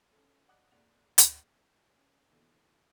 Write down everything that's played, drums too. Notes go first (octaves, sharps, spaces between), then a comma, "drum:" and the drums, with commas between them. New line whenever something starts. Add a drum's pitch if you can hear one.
C#4 A4
D5 D#5 F#5 D6 D#6 F#6
F1 A#2 G#3 D5 F#5 F7
drum: hi-hat
C#4
D#2 B2 D3 E3